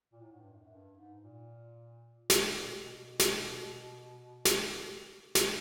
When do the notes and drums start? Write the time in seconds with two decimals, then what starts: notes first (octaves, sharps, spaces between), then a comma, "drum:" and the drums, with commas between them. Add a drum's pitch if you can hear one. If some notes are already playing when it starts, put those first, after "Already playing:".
0.13 A#2
0.21 A2
0.32 G#2
0.40 G2
0.50 F#2
0.62 F#2
0.73 G2
0.97 G#2
1.22 A#2
2.30 drum: snare
2.57 A#2
2.66 B2
3.19 drum: snare
4.45 drum: snare
5.35 drum: snare